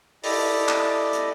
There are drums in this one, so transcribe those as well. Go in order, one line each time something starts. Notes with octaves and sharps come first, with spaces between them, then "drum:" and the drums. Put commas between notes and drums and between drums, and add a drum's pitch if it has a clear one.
E4 G4 A4 D5 D#5, drum: open hi-hat
drum: clap
drum: hi-hat